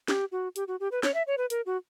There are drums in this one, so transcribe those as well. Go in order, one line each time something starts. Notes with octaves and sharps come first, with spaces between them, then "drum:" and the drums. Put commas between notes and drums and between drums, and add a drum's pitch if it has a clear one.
G4, drum: snare
F#4
G4, drum: hi-hat
F#4
G4
B4
C#5, drum: snare
E5
C#5
B4
A#4, drum: hi-hat
F#4